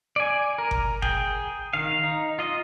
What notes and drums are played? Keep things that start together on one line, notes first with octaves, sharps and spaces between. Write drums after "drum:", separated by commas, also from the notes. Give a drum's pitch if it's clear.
D5 G#5
A#4
drum: kick G1
G#4 G5, drum: kick G1
D#3 F5
D#4
F4 D#5